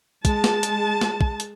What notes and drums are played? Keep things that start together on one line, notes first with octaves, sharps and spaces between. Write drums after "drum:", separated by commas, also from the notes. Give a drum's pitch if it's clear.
G#3 A5, drum: kick, hi-hat
drum: snare
drum: hi-hat
drum: snare
drum: kick
drum: hi-hat